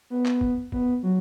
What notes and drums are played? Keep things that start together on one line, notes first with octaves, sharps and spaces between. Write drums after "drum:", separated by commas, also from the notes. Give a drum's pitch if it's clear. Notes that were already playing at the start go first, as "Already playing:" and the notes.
B3
drum: clap
drum: kick
B3, drum: kick
F#3